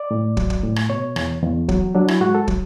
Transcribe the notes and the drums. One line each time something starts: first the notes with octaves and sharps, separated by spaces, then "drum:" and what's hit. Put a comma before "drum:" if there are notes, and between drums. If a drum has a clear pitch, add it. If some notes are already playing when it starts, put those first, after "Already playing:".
Already playing: D5
A2
F#3, drum: kick
drum: kick
A2
drum: rim click
B2 C#5
E2, drum: rim click
E2
F#3, drum: kick
F#3 D4
E4, drum: rim click
G#2 F#4
A4
F#3, drum: kick